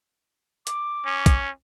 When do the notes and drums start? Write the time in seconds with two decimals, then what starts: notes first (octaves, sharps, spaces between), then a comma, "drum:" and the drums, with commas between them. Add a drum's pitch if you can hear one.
0.67 D6, drum: hi-hat
1.05 C#4
1.26 drum: kick, hi-hat